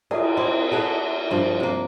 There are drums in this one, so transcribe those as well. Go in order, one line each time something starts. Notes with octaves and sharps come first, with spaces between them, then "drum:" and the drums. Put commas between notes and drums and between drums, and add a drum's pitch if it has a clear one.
G#4, drum: cymbal
C4 E4
B3 G#4 A4 F#5
G2 F3
C3 A#3